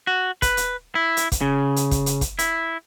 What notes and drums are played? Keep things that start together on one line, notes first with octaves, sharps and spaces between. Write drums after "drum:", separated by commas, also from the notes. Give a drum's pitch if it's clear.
F#4
B4, drum: kick, hi-hat
drum: hi-hat
E4
drum: hi-hat
drum: kick, hi-hat
C#3
drum: hi-hat
drum: kick, hi-hat
drum: hi-hat
drum: kick, hi-hat
E4, drum: hi-hat